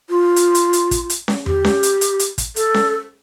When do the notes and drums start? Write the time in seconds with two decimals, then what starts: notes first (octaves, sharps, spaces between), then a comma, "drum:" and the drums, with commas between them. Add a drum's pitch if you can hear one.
0.09 F4
0.36 drum: hi-hat
0.55 drum: hi-hat
0.73 drum: hi-hat
0.91 drum: kick, hi-hat
1.10 drum: hi-hat
1.28 drum: snare C#4
1.46 G4, drum: tom E2
1.65 drum: snare C#4
1.83 drum: hi-hat
2.01 drum: hi-hat
2.19 drum: hi-hat
2.38 drum: kick, hi-hat
2.56 A4, drum: hi-hat
2.74 drum: snare C#4